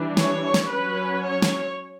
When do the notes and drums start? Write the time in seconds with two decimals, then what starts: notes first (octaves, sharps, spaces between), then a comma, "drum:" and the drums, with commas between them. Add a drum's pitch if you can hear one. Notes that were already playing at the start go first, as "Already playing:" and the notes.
Already playing: E3 G3 D4
0.17 C#5, drum: snare
0.54 drum: snare
0.69 F#3 C#4 B4
1.22 C#5
1.42 drum: snare